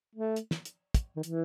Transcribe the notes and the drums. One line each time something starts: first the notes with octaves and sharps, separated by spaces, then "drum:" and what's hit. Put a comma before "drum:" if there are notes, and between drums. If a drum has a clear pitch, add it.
A3
drum: hi-hat
drum: snare
drum: hi-hat
drum: kick, hi-hat
D#3
E3, drum: hi-hat